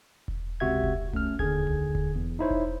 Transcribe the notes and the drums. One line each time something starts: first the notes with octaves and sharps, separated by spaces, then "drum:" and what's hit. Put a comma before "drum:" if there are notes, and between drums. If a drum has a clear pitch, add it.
drum: kick E1
C#2 C3 F#4 E5 G#6
drum: kick E1
A3 C#4 F6, drum: tom C2
D#2 D3 G#4 G#6, drum: kick E1
drum: tom C2
drum: kick E1
E2
D#4 E4 C5 C#5
drum: kick E1